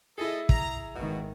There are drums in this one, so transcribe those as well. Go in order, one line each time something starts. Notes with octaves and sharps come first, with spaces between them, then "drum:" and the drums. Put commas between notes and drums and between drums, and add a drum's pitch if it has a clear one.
E4 G#4 A4 D#5
A#5, drum: kick
G#1 B2 D#3 B3 F#4